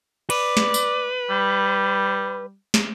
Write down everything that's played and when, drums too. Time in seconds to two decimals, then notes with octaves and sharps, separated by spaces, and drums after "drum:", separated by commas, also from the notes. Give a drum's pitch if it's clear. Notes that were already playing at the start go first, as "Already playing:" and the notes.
0.30 B4 D5, drum: cymbal
0.57 drum: snare
0.74 drum: tambourine
1.30 G3
2.74 drum: snare